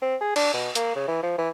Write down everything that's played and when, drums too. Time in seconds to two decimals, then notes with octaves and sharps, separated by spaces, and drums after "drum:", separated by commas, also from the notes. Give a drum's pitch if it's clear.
0.02 C4
0.21 G#4
0.36 D4, drum: cymbal
0.53 B2
0.75 A#3, drum: hi-hat
0.95 C#3
1.08 E3
1.23 F3
1.38 E3